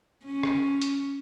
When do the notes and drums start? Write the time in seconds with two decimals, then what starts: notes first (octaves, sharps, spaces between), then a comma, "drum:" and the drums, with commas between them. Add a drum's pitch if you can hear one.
0.24 C#4
0.43 drum: rim click
0.82 drum: hi-hat